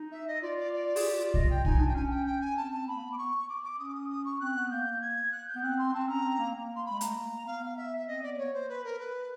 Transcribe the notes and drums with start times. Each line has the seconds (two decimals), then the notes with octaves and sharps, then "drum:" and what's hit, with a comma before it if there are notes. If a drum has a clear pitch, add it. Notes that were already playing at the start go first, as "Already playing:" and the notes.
Already playing: D#4
0.12 E5
0.28 D#5
0.42 F4 D5
0.58 D5
0.73 D5
0.96 G#4, drum: open hi-hat
1.04 G4
1.19 F4
1.34 D#5, drum: kick
1.50 G5
1.65 D#4 G#5, drum: kick
1.80 D4
1.89 G5
1.95 C#4 G#5
2.10 G5
2.26 G5
2.41 G#5
2.57 C4 A5
2.72 A5
2.87 B3 B5
2.95 A#3
3.02 B3
3.12 D6
3.18 C#6
3.49 D6
3.64 D6
3.79 C#4 D#6
3.88 D6
3.94 D#6
4.10 D#6
4.25 C#6
4.40 C4 F#6
4.55 B3
4.71 A#3 G6
5.01 G#6
5.32 F#6
5.47 G6
5.55 B3
5.63 C4 F#6
5.78 C6
5.93 C4 A5
6.08 C#4 A#5
6.23 C4
6.39 A#3
6.55 A#3
6.76 C6
6.86 G#3 B5
7.01 A3 A#5, drum: hi-hat
7.15 A#3
7.46 B3 F5
7.66 F5
7.77 E5
7.97 E5
8.07 C4 D#5
8.23 B3 D5
8.34 D5
8.38 A#3 C#5
8.53 C5
8.69 B4
8.84 A#4
8.99 B4